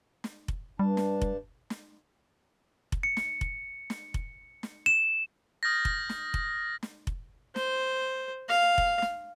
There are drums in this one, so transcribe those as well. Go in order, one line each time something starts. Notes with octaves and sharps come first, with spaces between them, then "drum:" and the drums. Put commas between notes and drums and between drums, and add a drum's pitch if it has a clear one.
drum: snare
drum: kick F1
G2 G3 D4 A5
drum: snare
drum: kick F1
drum: snare
drum: kick F1
C#7
drum: snare
drum: kick F1
drum: snare
drum: kick F1
drum: snare
E7
D#6 F6 G6 A6 A#6
drum: kick F1
drum: snare
drum: kick F1
drum: snare
drum: kick F1
C5, drum: snare
F5
drum: kick F1
drum: snare